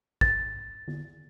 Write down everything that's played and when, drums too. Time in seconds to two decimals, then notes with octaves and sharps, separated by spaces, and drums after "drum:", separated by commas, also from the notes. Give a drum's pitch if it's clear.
0.21 A6, drum: kick
0.88 drum: tom D3